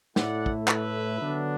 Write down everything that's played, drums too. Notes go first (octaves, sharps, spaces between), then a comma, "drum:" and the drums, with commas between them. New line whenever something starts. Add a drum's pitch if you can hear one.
A2 A3 E4 D5 F#5, drum: snare
drum: kick
B4 E5, drum: clap
D3 F#3 B3 D4